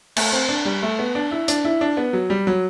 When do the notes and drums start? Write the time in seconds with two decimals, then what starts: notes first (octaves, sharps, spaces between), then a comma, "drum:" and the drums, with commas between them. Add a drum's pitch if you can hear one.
0.17 A3, drum: cymbal
0.32 C4
0.49 D4
0.65 G3
0.83 A3
0.99 B3
1.15 D4
1.31 E4
1.48 D4, drum: hi-hat
1.65 E4
1.81 D4
1.97 B3
2.13 F#3
2.30 G3
2.47 F#3